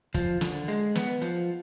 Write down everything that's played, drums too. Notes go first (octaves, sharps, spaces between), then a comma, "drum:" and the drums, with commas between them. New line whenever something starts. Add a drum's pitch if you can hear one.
F3, drum: kick, hi-hat
D3, drum: snare
G#3, drum: hi-hat
B3, drum: snare
F3, drum: hi-hat